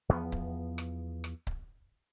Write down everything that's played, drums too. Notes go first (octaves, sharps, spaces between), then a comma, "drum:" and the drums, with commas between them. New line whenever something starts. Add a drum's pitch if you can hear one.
E2 F3 G#3 B3
drum: kick C#1
drum: rim click
drum: rim click
drum: kick C#1